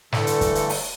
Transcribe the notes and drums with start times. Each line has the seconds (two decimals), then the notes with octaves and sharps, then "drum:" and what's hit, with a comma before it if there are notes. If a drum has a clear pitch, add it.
0.12 G2 D3 E3 A3 A4, drum: snare
0.27 drum: hi-hat
0.41 drum: kick, hi-hat
0.55 drum: hi-hat
0.69 drum: open hi-hat